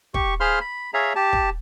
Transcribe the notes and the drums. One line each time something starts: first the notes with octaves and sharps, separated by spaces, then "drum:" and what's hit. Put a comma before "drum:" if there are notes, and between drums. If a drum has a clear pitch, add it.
G4 C#6, drum: kick
G#4 C5 F5 B5 C6 F6
B5
G#4 C#5 E5 F5 A#5
G4 A5
drum: kick